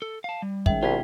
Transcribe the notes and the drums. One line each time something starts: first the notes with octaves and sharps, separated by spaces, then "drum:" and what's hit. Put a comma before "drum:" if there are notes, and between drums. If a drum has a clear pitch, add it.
A4
F5 A5
G3
D#3 G#3 C#4 E5 G5, drum: kick
C2 B2 F4 G5 G#6 B6